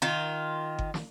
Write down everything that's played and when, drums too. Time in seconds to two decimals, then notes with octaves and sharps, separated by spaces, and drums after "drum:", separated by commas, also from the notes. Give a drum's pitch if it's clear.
0.02 D#3 F4
0.79 drum: kick G1
0.94 drum: snare